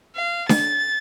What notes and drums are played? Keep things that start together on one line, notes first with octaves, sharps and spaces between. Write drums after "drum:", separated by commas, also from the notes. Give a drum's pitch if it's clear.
F5
A6, drum: snare D4